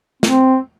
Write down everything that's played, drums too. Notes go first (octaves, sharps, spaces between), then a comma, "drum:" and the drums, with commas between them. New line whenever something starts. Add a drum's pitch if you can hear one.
C4, drum: snare